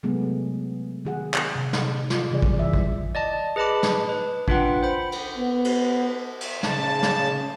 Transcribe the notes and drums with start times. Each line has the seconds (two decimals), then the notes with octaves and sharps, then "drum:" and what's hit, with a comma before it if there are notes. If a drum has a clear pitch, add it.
0.03 C3 F#3 G#3 A3 B3 G#4
1.05 D#3 G#4 F#5
1.34 drum: clap
1.55 C3
1.73 drum: snare
2.10 F4, drum: snare
2.31 C#3 E3 G3 G#4 D5
2.42 drum: kick
2.59 E3 G3 E5
2.74 drum: kick
3.15 D5 D#5 A5
3.56 G#4 B4 D#5 A5 B5 D6
3.83 drum: snare
4.09 B4
4.48 D4 F4 B4 F#5 G5, drum: kick
4.83 C5 B5
5.12 drum: cymbal
5.37 B3
5.65 drum: cymbal
6.41 drum: cymbal
6.63 C#3 A5, drum: snare
7.02 drum: snare